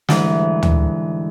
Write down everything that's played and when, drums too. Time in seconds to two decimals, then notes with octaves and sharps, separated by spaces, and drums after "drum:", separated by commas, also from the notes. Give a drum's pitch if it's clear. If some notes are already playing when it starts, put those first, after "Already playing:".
0.09 D2 G#2 E3 G3, drum: snare
0.63 drum: tom